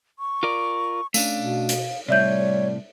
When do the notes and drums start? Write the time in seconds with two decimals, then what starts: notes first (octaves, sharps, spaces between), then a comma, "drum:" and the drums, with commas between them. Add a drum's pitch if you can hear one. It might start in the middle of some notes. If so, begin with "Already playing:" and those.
0.19 C#6
0.43 F4 A#4 D5
1.14 A3 C#4 D4 F5, drum: tambourine
1.38 B2
1.69 drum: hi-hat
2.08 A2 C3 G3 C#5 D5 E5 G6